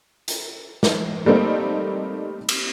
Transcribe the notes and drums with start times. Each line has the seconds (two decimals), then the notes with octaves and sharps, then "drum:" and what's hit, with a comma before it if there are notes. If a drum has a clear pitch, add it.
0.28 drum: hi-hat
0.83 drum: snare
1.26 G3 A3 A#3 C4 D#4
2.49 drum: cymbal